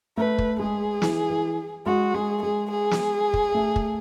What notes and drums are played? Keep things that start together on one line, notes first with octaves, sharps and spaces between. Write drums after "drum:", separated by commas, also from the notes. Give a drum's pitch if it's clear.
A3 B4
drum: kick
G#3 G#4
E3, drum: snare
E3
G#3 F#4
G#3 G#4
G#3 G#4
G#4
drum: snare
drum: kick
A3
drum: kick